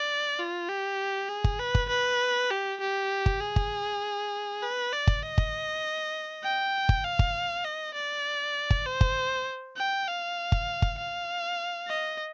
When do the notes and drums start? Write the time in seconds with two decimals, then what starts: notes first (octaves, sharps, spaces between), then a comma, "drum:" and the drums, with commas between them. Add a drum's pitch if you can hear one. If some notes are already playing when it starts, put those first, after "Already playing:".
Already playing: D5
0.39 F4
0.68 G4
1.29 G#4
1.44 drum: kick G1
1.59 B4
1.75 drum: kick G1
1.89 B4
2.50 G4
2.80 G4
3.26 drum: kick G1
3.40 G#4
3.56 drum: kick G1
4.63 B4
4.92 D5
5.07 drum: kick G1
5.22 D#5
5.38 drum: kick G1
6.43 G5
6.89 drum: kick G1
7.04 F5
7.19 drum: kick G1
7.64 D#5
7.94 D5
8.70 drum: kick G1
8.86 C5
9.01 drum: kick G1
9.77 G5
10.07 F5
10.52 drum: kick G1
10.82 drum: kick G1
10.98 F5
11.88 D#5